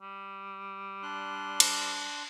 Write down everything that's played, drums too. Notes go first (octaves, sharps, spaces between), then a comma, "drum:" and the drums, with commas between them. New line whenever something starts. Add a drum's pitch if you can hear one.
G3
D4 C6 F#6
drum: cymbal